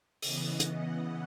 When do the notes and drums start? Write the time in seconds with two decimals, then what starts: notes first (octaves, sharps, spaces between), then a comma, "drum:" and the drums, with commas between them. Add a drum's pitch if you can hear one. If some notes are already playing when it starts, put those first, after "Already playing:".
0.22 C#3 E3 B3 D#5, drum: open hi-hat
0.60 drum: hi-hat
0.69 F#5